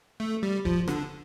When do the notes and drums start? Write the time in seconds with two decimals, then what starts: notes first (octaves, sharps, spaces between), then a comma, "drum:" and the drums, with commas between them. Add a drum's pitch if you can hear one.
0.20 A3
0.43 G3
0.65 F3, drum: kick E1
0.88 D3, drum: rim click